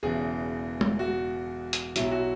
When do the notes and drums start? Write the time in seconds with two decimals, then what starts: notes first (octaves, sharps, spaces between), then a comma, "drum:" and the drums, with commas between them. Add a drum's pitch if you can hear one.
0.03 E1 E2 C#3 E3 G#4
0.81 drum: tom
0.99 F#4
1.73 drum: hi-hat
1.96 B1 B2 F#3 E4, drum: hi-hat
2.11 F#4